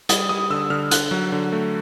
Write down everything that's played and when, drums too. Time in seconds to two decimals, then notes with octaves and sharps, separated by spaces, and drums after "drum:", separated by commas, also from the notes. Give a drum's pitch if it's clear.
0.09 G3 D#6, drum: hi-hat
0.29 G3 D#6
0.50 D3 E6
0.70 D3 F6
0.91 D3 F#6, drum: hi-hat
1.11 F#3
1.32 D3
1.52 A3